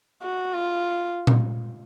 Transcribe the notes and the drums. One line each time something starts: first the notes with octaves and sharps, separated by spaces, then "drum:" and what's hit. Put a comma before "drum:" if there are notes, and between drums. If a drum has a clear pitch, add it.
F#4
F4
drum: tom A#2